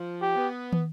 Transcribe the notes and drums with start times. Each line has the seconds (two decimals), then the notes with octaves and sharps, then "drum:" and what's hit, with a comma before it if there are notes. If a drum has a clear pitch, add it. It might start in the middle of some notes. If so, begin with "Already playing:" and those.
Already playing: F3
0.22 G4
0.36 B3
0.73 drum: tom